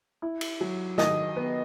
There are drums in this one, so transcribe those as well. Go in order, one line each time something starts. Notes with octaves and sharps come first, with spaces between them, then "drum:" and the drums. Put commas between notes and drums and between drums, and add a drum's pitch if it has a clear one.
E4
drum: cymbal
F#3
D#3 D#5 D#6, drum: snare
B3